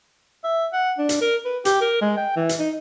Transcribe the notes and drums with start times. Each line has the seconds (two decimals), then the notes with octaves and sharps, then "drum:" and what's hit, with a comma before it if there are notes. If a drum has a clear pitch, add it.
0.44 E5
0.73 F#5
0.98 D4
1.09 drum: hi-hat
1.21 A#4
1.45 B4
1.65 G4, drum: hi-hat
1.81 A#4
2.01 G#3
2.17 G5
2.36 E3
2.49 drum: hi-hat
2.59 D#4